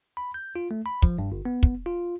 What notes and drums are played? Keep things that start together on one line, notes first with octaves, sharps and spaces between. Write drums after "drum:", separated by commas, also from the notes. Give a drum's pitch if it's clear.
B5
G6
F4
A3
B5
F3, drum: kick
G2
G1
B3
drum: kick
F4